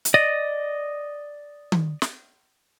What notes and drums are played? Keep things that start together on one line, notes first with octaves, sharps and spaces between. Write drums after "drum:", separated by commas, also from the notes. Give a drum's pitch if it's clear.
drum: hi-hat
D5 D#5
drum: tom D#3
drum: snare